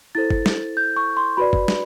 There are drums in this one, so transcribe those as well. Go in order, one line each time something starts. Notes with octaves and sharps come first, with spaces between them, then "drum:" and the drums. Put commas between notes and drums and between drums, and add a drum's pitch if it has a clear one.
E4 A4 C5 A6
drum: kick
drum: snare
G6
C#6
C6
F#4 B4 D5 B5
drum: kick
drum: snare